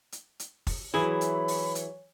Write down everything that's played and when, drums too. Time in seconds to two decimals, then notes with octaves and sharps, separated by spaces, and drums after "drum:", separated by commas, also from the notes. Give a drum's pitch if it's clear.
0.12 drum: hi-hat
0.39 drum: hi-hat
0.67 drum: kick, open hi-hat
0.94 E3 F#3 E4 G#4 C#5 B5
1.21 drum: hi-hat
1.48 drum: open hi-hat
1.75 drum: hi-hat